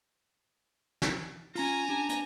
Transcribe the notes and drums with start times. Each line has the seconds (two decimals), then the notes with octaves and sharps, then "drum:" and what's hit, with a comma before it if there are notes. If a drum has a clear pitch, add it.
1.02 drum: snare
1.55 C#4 F4 G#5 A#5, drum: open hi-hat
1.89 D4 G4 A5
2.09 drum: hi-hat